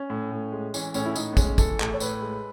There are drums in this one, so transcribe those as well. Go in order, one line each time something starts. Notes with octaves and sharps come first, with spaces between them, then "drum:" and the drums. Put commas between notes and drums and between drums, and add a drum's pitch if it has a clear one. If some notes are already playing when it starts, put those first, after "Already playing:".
Already playing: C#4
A2
A2
G#3
E3 C#4, drum: tambourine
A2 C#4, drum: tambourine
E4
A2 D#4, drum: tambourine
B3
G#3 C#4, drum: kick, tambourine
E3 A4, drum: kick, tambourine
A2, drum: clap
C#5
A2 B4, drum: tambourine
G#3